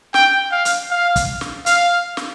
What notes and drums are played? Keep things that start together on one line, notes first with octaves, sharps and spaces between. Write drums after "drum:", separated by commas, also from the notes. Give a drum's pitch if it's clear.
G5, drum: snare
F5
drum: hi-hat
F5
drum: kick, hi-hat
drum: snare
F5, drum: hi-hat
drum: snare